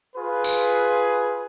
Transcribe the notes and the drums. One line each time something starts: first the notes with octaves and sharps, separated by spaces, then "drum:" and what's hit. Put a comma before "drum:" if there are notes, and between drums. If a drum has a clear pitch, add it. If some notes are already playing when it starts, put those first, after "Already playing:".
F4 G#4 B4
drum: tambourine